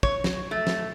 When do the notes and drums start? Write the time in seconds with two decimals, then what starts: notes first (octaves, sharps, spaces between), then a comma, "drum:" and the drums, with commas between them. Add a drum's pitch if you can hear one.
0.03 C#5, drum: kick
0.24 drum: snare
0.51 A3
0.67 drum: snare